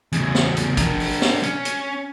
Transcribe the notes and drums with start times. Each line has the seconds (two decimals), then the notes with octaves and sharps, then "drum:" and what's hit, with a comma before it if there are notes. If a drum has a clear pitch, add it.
0.12 E2 C#3, drum: hi-hat
0.35 drum: snare
0.57 drum: hi-hat
0.77 D4 A#4, drum: kick, hi-hat
1.00 drum: open hi-hat
1.22 drum: snare
1.43 C#4, drum: hi-hat
1.65 drum: hi-hat